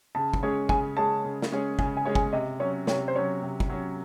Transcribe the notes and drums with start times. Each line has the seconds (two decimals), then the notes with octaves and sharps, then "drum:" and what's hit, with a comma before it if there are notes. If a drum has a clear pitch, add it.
0.15 C#3 A5
0.34 drum: kick
0.43 G#3 C#4 G#4 C#5
0.69 C#3 G#5, drum: kick
0.97 G#3 C#4 G#4 C#5 A5
1.24 C#3
1.42 drum: snare
1.52 G#3 C#4 G#4 C#5
1.79 C#3 G#5, drum: kick
1.97 G#5
2.05 G#3 C#4 G#4 C#5
2.15 G#5, drum: kick
2.33 C3 D#5
2.60 F#3 C#4 C#5
2.87 C3 C#5, drum: snare
3.08 C5
3.15 F#3 C#4 C#5
3.42 C3
3.60 drum: kick
3.70 F#3 C#4